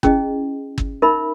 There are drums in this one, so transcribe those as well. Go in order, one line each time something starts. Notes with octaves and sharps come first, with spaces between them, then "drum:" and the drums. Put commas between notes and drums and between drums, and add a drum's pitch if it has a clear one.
C#4 E4 G#4 D#5, drum: kick
drum: kick
D#4 A#4 E5 B5